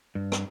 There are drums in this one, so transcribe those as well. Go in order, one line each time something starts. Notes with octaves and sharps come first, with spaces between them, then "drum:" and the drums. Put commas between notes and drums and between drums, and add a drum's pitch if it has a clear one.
G2
drum: rim click